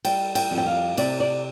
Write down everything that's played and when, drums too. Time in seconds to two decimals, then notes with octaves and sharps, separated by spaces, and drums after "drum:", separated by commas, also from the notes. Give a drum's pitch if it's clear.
0.05 G3 G5, drum: cymbal
0.35 G5, drum: cymbal
0.51 F2
0.58 G5
0.67 F5
0.97 C3 D5, drum: cymbal
1.20 D5